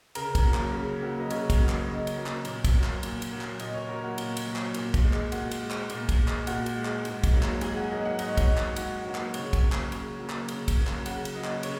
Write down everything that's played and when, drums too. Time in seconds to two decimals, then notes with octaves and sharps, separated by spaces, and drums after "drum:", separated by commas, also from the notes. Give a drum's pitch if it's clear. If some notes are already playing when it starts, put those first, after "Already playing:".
0.15 C#3 A#4, drum: cymbal
0.35 drum: kick, cymbal
0.45 F#3 A#3
0.54 drum: clap
0.73 C#3
1.01 F#3 A#3
1.20 D#5
1.30 C#3 C#5, drum: cymbal
1.50 drum: kick, cymbal
1.59 F#3 A#3
1.69 drum: clap
1.87 C#3 D#5
2.07 drum: cymbal
2.17 F#3 A#3
2.26 drum: clap
2.45 A#2, drum: cymbal
2.64 drum: kick, cymbal
2.74 F#3 A#3
2.84 drum: clap
3.03 A#2, drum: cymbal
3.22 drum: cymbal
3.31 F#3 A#3
3.41 drum: clap
3.60 A#2 D#5, drum: cymbal
3.74 C#5
3.89 F#3 A#3 A#4
4.04 F#4
4.18 A#2, drum: cymbal
4.37 drum: cymbal
4.46 F#3 A#3
4.56 drum: clap
4.74 A#2, drum: cymbal
4.94 drum: kick, cymbal
5.04 G#3
5.13 drum: clap
5.32 A#2 F#4, drum: cymbal
5.51 drum: cymbal
5.61 G#3
5.71 drum: clap
5.90 A#2, drum: cymbal
6.09 drum: kick, cymbal
6.19 G#3
6.28 drum: clap
6.47 A#2 F#4, drum: cymbal
6.66 drum: cymbal
6.76 G#3
6.85 drum: clap
7.05 G#2, drum: cymbal
7.24 drum: kick, cymbal
7.33 F#3 A#3
7.43 drum: clap
7.61 G#2 G#4, drum: cymbal
7.77 F#4
7.90 F#3 A#3 D#5
8.05 F#5
8.19 G#2 D#5, drum: cymbal
8.29 C#5
8.37 D#5, drum: kick, cymbal
8.48 F#3 A#3
8.57 drum: clap
8.76 G#2 F#4, drum: cymbal
9.06 F#3 A#3 F#4
9.15 drum: clap
9.34 C#3 C#5, drum: cymbal
9.53 drum: kick, cymbal
9.63 F#3 A#3
9.72 drum: clap
9.92 C#3, drum: cymbal
10.19 F#3 A#3
10.30 drum: clap
10.48 C#3, drum: cymbal
10.68 drum: kick, cymbal
10.78 F#3 A#3
10.87 drum: clap
11.06 C#3 F#5, drum: cymbal
11.25 drum: cymbal
11.35 F#3 A#3 D#5
11.44 drum: clap
11.63 C#3 C#5, drum: cymbal